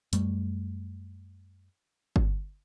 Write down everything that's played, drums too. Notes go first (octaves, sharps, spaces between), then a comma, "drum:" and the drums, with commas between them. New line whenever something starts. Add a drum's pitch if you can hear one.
F#2 G3 A3, drum: hi-hat
drum: kick G1